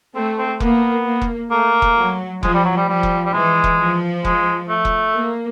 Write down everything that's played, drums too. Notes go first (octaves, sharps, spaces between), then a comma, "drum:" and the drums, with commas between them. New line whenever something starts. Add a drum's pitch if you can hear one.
A3 C4
C4
A#3 B3, drum: kick F1
A#3
drum: kick F1
A3 A#3
drum: kick F1
F#3
F3 G#3, drum: kick F1
G3
F#3
G3
F3 G3
drum: kick F1
G3
E3 G#3
drum: kick F1
F3
G#3, drum: kick F1
A3
drum: kick F1
A#3